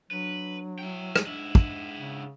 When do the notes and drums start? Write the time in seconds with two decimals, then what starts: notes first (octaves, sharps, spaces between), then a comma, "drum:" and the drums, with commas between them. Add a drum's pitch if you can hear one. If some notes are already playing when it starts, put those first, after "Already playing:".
0.11 F#3 D4 B4
0.79 E4 G5
1.16 drum: rim click
1.26 G#2 D4 E4
1.55 drum: kick
1.97 C#3